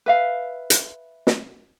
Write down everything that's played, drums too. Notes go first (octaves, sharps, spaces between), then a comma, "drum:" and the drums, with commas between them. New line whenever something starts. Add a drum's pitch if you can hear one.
B4 E5 F5
drum: hi-hat
drum: snare